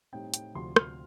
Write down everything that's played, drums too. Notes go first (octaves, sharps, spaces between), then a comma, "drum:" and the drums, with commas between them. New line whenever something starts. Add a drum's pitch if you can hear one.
A2 G3 C4 D#4 G5
G5, drum: hi-hat
D2 C3 F3 C4 C6
F6, drum: rim click